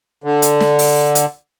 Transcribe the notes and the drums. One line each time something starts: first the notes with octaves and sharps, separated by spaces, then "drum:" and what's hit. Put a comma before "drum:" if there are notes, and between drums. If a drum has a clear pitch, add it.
D3
drum: hi-hat
drum: snare
drum: open hi-hat
drum: hi-hat